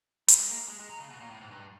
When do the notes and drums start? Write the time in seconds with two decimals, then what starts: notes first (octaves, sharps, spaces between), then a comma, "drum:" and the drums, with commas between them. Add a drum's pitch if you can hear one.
0.28 G3, drum: hi-hat
0.38 G#3
0.49 A#3
0.68 G#3
0.80 G#3
0.89 F#3
0.99 C#3
1.10 B2
1.20 A#2
1.31 A2
1.41 G#2
1.51 G2